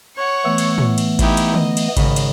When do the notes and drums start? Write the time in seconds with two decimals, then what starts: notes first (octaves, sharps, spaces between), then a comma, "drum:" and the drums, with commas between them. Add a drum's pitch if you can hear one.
0.15 C#5 F#5 C#6
0.45 E3 A3 B3 E6
0.58 drum: cymbal
0.78 drum: tom A2
0.98 drum: cymbal
1.19 D#4 E4 G4, drum: kick A1, cymbal
1.37 drum: cymbal
1.54 D#5, drum: tom D3
1.77 drum: cymbal
1.97 G#1 C#3 B5, drum: kick A1, cymbal
2.16 drum: cymbal